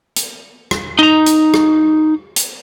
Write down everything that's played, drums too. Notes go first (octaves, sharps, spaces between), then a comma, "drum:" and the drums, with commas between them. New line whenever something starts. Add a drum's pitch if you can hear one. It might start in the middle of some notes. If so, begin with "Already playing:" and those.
drum: hi-hat
drum: rim click
D#4 A#5
drum: hi-hat
drum: rim click
drum: hi-hat